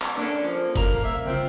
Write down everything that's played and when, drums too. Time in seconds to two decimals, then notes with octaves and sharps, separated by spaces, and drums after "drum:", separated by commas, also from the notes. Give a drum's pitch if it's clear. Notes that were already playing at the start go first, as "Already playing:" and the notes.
0.02 drum: clap
0.18 A#3 C#4 D4 A4
0.42 F3
0.76 C2 A#3 A#5, drum: kick F#1, hi-hat
1.05 E5
1.26 C#3 C4 F4